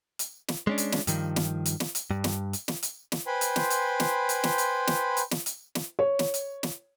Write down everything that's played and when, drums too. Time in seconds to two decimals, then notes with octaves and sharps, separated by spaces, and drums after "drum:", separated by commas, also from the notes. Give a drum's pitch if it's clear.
0.19 drum: hi-hat
0.48 drum: snare
0.67 G#3 C#4 D4
0.78 drum: hi-hat
0.92 drum: snare
1.07 G2 D#3 F3, drum: hi-hat
1.36 drum: snare
1.66 drum: hi-hat
1.80 drum: snare
1.95 drum: hi-hat
2.11 G2
2.24 drum: snare
2.53 drum: hi-hat
2.68 drum: snare
2.83 drum: hi-hat
3.12 drum: snare
3.26 B4 C5 G5 G#5 B5 C6
3.41 drum: hi-hat
3.56 drum: snare
3.70 drum: hi-hat
4.00 drum: snare
4.29 drum: hi-hat
4.44 drum: snare
4.58 drum: hi-hat
4.87 drum: snare
5.17 drum: hi-hat
5.31 drum: snare
5.46 drum: hi-hat
5.75 drum: snare
5.99 C#5
6.19 drum: snare
6.34 drum: hi-hat
6.63 drum: snare